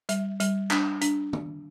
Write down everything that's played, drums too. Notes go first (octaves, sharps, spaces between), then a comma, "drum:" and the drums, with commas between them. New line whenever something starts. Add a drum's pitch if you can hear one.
G3 E5, drum: hi-hat
G3, drum: hi-hat
D4, drum: clap
D4, drum: hi-hat
drum: tom